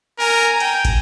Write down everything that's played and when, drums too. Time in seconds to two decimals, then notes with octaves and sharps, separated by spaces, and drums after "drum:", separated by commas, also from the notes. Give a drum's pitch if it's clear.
0.19 A#4 G#5 A#5
0.60 G5, drum: cymbal
0.85 drum: kick, cymbal